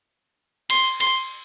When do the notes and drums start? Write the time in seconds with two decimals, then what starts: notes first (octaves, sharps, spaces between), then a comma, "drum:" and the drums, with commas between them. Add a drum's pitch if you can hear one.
0.70 C6, drum: cymbal
1.00 C6, drum: cymbal